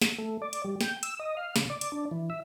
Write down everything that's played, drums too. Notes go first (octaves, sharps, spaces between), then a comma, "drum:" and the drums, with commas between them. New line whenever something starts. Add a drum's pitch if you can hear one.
drum: snare
A3
D5
drum: hi-hat
G3
G5, drum: snare
E6, drum: hi-hat
D#5
F5
C#3, drum: snare
D5
drum: hi-hat
D4
E3
E5